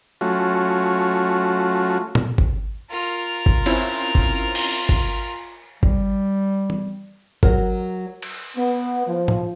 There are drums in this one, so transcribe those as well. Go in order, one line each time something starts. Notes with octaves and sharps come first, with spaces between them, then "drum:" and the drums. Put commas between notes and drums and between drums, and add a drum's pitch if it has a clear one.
F#3 A3 C#4 F4 F#4
drum: tom
drum: kick G#1
F4 A#4
drum: kick G#1
C4 C#4 E4, drum: cymbal
drum: kick G#1
drum: cymbal
drum: kick G#1
G3, drum: kick G#1
drum: tom E3
F#3 A#4, drum: kick G#1
drum: cymbal
B3
F3
drum: tom A2